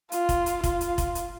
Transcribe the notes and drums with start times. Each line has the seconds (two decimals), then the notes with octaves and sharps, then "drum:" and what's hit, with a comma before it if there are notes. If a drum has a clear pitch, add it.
0.12 F4, drum: hi-hat
0.29 drum: kick, hi-hat
0.46 drum: hi-hat
0.64 F4, drum: kick, hi-hat
0.81 drum: hi-hat
0.98 drum: kick, hi-hat
1.15 drum: hi-hat